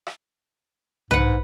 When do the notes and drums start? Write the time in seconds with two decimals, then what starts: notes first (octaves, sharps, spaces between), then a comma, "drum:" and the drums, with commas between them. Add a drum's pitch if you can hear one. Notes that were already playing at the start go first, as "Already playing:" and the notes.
0.07 drum: rim click
1.11 G#2 B4 F#5, drum: tom B1